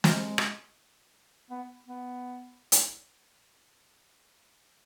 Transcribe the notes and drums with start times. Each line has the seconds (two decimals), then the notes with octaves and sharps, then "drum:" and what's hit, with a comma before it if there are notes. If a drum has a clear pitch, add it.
0.04 G#3, drum: snare
0.38 drum: rim click
1.50 B3
1.87 B3
2.72 drum: hi-hat